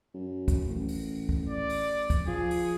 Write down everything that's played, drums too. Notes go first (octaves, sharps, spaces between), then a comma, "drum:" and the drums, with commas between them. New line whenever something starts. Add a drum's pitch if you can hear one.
F#2
drum: kick, hi-hat
A1
drum: open hi-hat
drum: kick
D5
drum: open hi-hat
drum: kick, hi-hat
F3 G#4
drum: open hi-hat